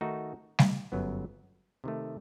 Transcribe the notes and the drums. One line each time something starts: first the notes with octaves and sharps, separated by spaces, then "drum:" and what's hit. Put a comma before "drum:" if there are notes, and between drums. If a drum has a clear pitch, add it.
D#3 A3 D#4 F#4
drum: snare G3
G1 F#2 F#3 B3
C3 D#3 A3